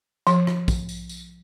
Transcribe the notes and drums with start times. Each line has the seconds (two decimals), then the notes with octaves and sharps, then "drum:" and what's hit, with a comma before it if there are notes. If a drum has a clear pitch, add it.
0.27 F3, drum: tambourine
0.47 drum: rim click
0.68 drum: kick, tambourine
0.89 drum: tambourine
1.09 drum: tambourine